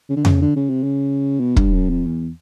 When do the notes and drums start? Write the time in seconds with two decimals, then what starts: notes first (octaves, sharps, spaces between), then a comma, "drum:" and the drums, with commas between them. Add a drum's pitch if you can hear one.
0.09 C#3
0.17 D3
0.25 C#3, drum: tom F2
0.42 D3
0.56 C#3
0.69 C3
0.83 C#3
1.40 B2
1.56 G2, drum: kick
1.73 F#2
1.90 F2
2.06 E2